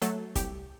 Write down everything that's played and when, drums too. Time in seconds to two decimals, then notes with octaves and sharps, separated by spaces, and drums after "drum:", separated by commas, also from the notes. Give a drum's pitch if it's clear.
0.02 F#3 A3 A4, drum: hi-hat
0.35 C2 G4, drum: kick, hi-hat